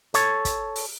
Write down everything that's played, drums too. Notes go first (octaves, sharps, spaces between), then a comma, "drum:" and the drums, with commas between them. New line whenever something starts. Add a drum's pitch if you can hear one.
A4 C#5, drum: hi-hat
drum: kick, hi-hat
drum: open hi-hat